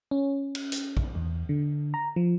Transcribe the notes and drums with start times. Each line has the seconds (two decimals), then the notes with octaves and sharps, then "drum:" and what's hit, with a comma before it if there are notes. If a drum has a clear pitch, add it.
0.11 C#4
0.55 drum: cymbal
0.72 drum: hi-hat
0.97 drum: kick A#1
1.15 E2
1.49 D3
1.94 A#5
2.16 F3